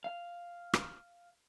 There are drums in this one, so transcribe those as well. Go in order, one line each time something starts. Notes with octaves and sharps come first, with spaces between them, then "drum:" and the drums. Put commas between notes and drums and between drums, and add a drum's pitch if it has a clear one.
F5
drum: rim click